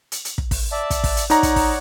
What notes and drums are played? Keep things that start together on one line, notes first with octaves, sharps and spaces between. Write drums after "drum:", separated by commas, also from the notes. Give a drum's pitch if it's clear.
drum: hi-hat
drum: hi-hat
drum: kick
drum: kick, open hi-hat
D5 E5 A5
drum: kick, hi-hat
drum: kick, open hi-hat
drum: hi-hat
D#4 C#5 D5 F#5 A#5, drum: hi-hat
drum: kick, hi-hat
drum: kick, open hi-hat